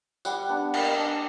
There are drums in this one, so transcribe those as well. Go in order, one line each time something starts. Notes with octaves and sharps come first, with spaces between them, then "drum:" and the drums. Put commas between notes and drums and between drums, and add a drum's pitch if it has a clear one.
G3 F#5, drum: tambourine
B3 D4
A#3, drum: cymbal
D4